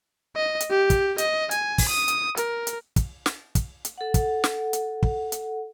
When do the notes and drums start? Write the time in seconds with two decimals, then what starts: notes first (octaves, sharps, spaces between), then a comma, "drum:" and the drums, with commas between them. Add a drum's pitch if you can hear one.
0.36 D#5
0.60 drum: hi-hat
0.70 G4
0.90 drum: kick, hi-hat
1.18 D#5, drum: hi-hat
1.51 G#5, drum: hi-hat
1.78 drum: kick, open hi-hat
1.88 D#6
2.08 drum: hi-hat
2.37 A#4, drum: hi-hat
2.67 drum: hi-hat
2.96 drum: kick, hi-hat
3.26 drum: snare
3.55 drum: kick, hi-hat
3.85 drum: hi-hat
3.98 A4 F#5
4.14 drum: kick, hi-hat
4.44 drum: snare
4.73 drum: hi-hat
5.03 drum: kick
5.32 drum: hi-hat